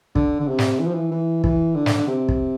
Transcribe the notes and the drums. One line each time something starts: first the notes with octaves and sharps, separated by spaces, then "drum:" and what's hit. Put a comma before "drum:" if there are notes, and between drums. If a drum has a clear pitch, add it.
D3, drum: kick
D3
C3
drum: snare
E3
F3
E3
E3
E3, drum: kick
D3
drum: snare
D3
C3
drum: kick